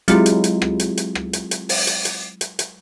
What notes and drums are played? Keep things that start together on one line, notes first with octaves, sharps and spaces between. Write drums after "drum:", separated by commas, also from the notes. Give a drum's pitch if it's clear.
F#3 G#3 C4 E4 F4 G4, drum: hi-hat
drum: hi-hat
drum: hi-hat
drum: rim click
drum: hi-hat
drum: hi-hat
drum: rim click
drum: hi-hat
drum: hi-hat
drum: open hi-hat
drum: hi-hat
drum: hi-hat
drum: hi-hat
drum: hi-hat